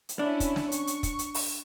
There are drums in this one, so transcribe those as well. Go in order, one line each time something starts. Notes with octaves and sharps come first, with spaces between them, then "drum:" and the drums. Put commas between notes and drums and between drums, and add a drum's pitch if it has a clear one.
drum: hi-hat
C#4 D4 E4
drum: kick, hi-hat
drum: snare
C#6, drum: hi-hat
drum: hi-hat
drum: kick, hi-hat
drum: hi-hat
drum: open hi-hat